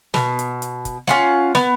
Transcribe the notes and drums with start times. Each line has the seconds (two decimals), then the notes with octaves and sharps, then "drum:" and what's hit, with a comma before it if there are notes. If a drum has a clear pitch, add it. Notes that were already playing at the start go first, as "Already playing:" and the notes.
0.14 B2, drum: snare
0.39 drum: hi-hat
0.62 drum: hi-hat
0.85 drum: kick, hi-hat
1.07 C#4 F4 F#5, drum: snare
1.55 B3, drum: snare